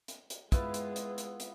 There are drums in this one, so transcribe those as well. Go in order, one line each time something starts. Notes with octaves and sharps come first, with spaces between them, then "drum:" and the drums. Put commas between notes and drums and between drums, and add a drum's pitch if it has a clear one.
drum: hi-hat
drum: hi-hat
G#3 B3 E4 F4 B4, drum: kick, hi-hat
drum: hi-hat
drum: hi-hat
drum: hi-hat
drum: hi-hat